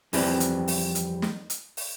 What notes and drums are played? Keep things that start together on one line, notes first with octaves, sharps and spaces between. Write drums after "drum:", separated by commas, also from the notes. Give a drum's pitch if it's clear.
F2 E3 G3 C4, drum: open hi-hat
drum: hi-hat
drum: open hi-hat
drum: hi-hat
drum: snare
drum: hi-hat
drum: open hi-hat